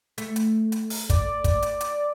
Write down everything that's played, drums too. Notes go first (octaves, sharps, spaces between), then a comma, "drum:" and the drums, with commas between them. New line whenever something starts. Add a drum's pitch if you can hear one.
A3, drum: hi-hat
drum: hi-hat
drum: hi-hat
drum: open hi-hat
D5, drum: kick, hi-hat
drum: kick, hi-hat
drum: hi-hat
drum: hi-hat